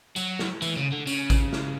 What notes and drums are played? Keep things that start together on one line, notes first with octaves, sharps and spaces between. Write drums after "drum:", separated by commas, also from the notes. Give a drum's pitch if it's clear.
F#3, drum: tambourine
drum: snare
E3, drum: tambourine
C#3
D3
C#3, drum: tambourine
drum: kick A1, tambourine
drum: snare